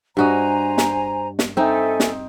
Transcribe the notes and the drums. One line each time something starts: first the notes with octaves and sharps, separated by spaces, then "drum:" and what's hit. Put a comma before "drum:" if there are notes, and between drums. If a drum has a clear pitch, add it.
G2 F#4 C5 D#5 G#5 A#5
drum: snare
drum: snare
C4 D#4 A4 E5 G#5
drum: snare